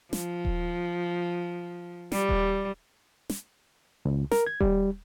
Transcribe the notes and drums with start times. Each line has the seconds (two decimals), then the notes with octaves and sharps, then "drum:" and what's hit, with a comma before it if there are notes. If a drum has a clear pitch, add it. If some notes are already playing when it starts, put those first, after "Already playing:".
0.13 F3, drum: snare
0.45 drum: kick D#1
2.12 G3, drum: snare
2.29 drum: kick D#1
3.30 drum: snare
4.05 C#2
4.32 A#4, drum: snare
4.47 G#6
4.61 G3, drum: kick D#1